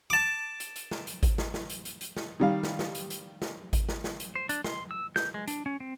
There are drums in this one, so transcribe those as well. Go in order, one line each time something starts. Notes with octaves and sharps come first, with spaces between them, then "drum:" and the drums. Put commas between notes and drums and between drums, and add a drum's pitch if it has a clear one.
A5 D6
drum: hi-hat
drum: hi-hat
drum: snare
drum: hi-hat
drum: kick G#1, hi-hat
drum: snare
drum: snare
drum: hi-hat
drum: hi-hat
drum: hi-hat
drum: snare
D#3 G3 F5
drum: snare
drum: snare
drum: hi-hat
drum: hi-hat
drum: snare
drum: kick G#1, hi-hat
drum: snare
drum: snare
drum: hi-hat
C5
D4, drum: hi-hat
C6, drum: snare
E6
G6, drum: snare
G#3
D4, drum: hi-hat
C#4
C4